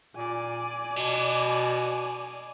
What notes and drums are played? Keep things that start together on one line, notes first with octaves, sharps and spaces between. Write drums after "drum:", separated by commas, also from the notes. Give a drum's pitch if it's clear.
A#2 D5 G#5
B2, drum: cymbal